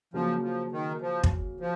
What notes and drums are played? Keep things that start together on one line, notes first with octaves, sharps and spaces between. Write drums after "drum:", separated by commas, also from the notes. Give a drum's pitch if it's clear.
C#3 F3 F#3 A#3
F3
D#3
F3
drum: kick
F3